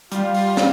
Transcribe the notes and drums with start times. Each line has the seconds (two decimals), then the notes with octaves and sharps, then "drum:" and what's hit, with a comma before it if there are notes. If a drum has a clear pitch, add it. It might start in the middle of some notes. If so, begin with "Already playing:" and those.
0.12 G3 F4, drum: hi-hat
0.34 drum: open hi-hat
0.57 drum: snare